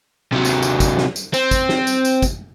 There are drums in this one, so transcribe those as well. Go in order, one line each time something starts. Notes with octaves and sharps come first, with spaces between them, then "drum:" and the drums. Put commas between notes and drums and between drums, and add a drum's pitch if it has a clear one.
C3 F#3
drum: tambourine
drum: tambourine
drum: kick, tambourine
drum: snare
drum: tambourine
C4, drum: tambourine
drum: kick, tambourine
drum: snare
drum: tambourine
drum: tambourine
drum: kick, tambourine